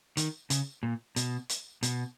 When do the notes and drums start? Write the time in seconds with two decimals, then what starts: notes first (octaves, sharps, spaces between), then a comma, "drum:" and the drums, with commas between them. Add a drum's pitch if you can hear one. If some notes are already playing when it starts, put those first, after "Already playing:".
0.17 D#3, drum: hi-hat
0.50 C#3, drum: hi-hat
0.83 A#2
1.16 B2, drum: hi-hat
1.49 drum: hi-hat
1.83 B2, drum: hi-hat